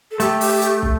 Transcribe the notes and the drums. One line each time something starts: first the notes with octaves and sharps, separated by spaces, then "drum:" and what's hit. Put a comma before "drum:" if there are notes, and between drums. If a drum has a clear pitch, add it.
A4
A3 G4, drum: hi-hat
drum: open hi-hat
drum: hi-hat
drum: kick